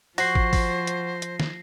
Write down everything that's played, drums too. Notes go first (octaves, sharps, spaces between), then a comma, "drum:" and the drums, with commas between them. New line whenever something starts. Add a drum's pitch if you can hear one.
F3 F#4 C5 A#6 C7, drum: open hi-hat
drum: kick
drum: kick, open hi-hat
drum: hi-hat
drum: hi-hat
drum: snare